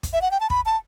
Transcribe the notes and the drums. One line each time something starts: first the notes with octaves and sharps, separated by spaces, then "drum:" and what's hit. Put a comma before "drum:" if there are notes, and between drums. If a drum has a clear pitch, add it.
drum: kick, hi-hat
E5
F#5
G5
A5
B5, drum: kick
A5